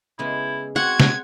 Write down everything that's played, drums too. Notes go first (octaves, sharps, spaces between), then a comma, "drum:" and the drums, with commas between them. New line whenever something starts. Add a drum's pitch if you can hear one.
C#3 G#3 B3 E4
C4 F#4 F#5 G#6
drum: snare